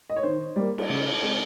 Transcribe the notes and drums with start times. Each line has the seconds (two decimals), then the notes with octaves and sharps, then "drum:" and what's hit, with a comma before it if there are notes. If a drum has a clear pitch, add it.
0.10 D#5
0.16 C#5
0.23 D#3 C5
0.56 G3 A#3
0.78 drum: cymbal
0.90 C#3
1.23 G#3 C4